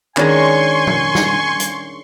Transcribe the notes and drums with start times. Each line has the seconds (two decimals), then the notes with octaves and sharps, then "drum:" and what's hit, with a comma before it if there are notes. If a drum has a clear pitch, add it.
0.17 D#3 G#3 C#4 D4 G#5 C6 C#6, drum: clap
0.87 drum: tom A#2
1.15 drum: snare
1.60 drum: hi-hat